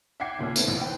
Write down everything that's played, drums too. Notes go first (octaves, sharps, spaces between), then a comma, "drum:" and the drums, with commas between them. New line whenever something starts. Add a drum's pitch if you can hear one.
E5 F#5 G5 D6 G#6 C7
D#2 A#2 C#3
A3 B3 C4, drum: tambourine
A1 D#2
B4 C5 G5